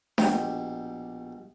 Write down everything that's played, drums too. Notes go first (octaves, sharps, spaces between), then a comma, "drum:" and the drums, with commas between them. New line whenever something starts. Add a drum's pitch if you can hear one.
A#1 B2 G4 G5 D6, drum: snare D4